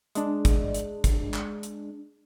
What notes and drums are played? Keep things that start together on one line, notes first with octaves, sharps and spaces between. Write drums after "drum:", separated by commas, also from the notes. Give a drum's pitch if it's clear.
G#3 D4, drum: hi-hat
drum: kick, hi-hat
drum: hi-hat
drum: kick, hi-hat
drum: clap
drum: hi-hat